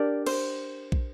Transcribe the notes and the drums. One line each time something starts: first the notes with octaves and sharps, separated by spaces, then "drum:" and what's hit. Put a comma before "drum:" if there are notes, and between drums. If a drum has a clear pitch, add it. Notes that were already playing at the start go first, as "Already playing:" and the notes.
Already playing: D4 G4 A#4 D5
C5, drum: cymbal
drum: kick